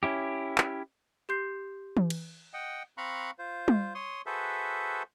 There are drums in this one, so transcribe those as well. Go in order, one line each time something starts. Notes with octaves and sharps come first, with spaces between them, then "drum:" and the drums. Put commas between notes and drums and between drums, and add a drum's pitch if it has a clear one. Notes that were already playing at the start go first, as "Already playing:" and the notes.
C#4 E4 G4
drum: clap
G4 C6 G6 C7
drum: tom E3
drum: cymbal
D#5 F#5 G5
C4 F5 A#5 B5 C#6 F#6
F4 C5
drum: tom G3
C#5 C6 D#6
F#4 G#4 A4 B4 C5 E5